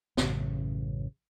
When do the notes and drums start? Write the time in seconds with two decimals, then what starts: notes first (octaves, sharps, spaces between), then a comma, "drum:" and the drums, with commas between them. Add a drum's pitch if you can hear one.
0.17 A1 F#2 C#3, drum: snare